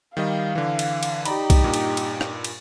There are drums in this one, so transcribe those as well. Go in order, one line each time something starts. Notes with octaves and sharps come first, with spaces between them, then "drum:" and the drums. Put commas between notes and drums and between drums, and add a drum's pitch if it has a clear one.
D#3 G3 D#5 F5
D3 E3
drum: cymbal
drum: cymbal
D#4 G4 D5 A#5 B5, drum: cymbal
drum: kick, cymbal
G2 A#2
drum: cymbal
drum: cymbal
drum: rim click
drum: cymbal